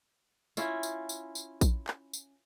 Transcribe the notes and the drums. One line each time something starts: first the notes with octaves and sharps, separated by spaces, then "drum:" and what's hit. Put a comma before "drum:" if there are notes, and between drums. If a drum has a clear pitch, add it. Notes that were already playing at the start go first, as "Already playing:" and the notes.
C#4 E4 F4, drum: tambourine
drum: tambourine
drum: tambourine
drum: tambourine
drum: kick A#1, tambourine
drum: clap
drum: tambourine